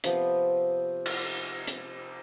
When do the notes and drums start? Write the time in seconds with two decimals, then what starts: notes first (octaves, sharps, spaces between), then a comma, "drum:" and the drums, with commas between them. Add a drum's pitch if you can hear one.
0.04 C3 F3 B3, drum: hi-hat
1.06 drum: cymbal
1.67 drum: hi-hat